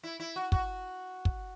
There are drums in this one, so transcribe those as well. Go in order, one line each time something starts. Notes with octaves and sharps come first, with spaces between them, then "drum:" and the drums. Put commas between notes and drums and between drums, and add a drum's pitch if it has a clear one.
E4
E4
F#4
F#4, drum: kick
drum: kick